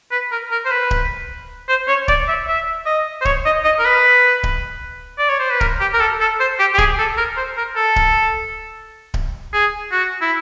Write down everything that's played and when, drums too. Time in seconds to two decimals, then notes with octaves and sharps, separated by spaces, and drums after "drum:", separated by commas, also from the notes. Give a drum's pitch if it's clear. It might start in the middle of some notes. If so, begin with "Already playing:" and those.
0.12 B4
0.32 A#4
0.52 A#4
0.65 C5
0.71 B4
0.91 drum: kick D1
1.69 C5
1.88 C#5
2.08 D5, drum: kick D1
2.28 E5
2.48 E5
2.86 D#5
3.22 C5
3.25 C#5, drum: kick D1
3.45 D#5
3.64 D#5
3.79 A#4
3.85 B4
4.43 drum: kick D1
5.19 D5
5.29 C#5
5.40 C5
5.51 B4
5.61 A#4, drum: kick D1
5.80 G4
5.94 A#4
6.00 A4
6.20 A4
6.40 C5
6.59 G4
6.74 G4
6.78 G#4, drum: kick D1
6.99 A4
7.17 A#4
7.37 C5
7.57 A#4
7.76 A4
7.96 drum: kick D1
9.14 drum: kick D1
9.53 G#4
9.92 F#4
10.22 E4